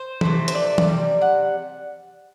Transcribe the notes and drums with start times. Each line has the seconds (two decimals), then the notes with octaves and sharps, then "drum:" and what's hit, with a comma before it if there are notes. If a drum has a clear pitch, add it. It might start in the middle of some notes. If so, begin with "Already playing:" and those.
Already playing: C5
0.21 C3 E3 A3, drum: tom E3
0.48 C5, drum: hi-hat
0.55 D5
0.78 drum: tom E3
0.88 C3 G3
1.21 F#5